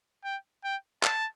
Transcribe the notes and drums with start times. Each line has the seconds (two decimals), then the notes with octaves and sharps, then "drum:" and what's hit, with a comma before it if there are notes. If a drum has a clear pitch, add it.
0.24 G5
0.64 G5
1.03 A5, drum: clap